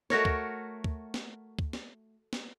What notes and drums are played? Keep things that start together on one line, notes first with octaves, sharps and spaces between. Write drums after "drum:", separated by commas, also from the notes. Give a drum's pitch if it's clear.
A3 F#4 A#4 C#5, drum: snare
drum: kick
drum: kick
drum: snare
drum: kick
drum: snare
drum: snare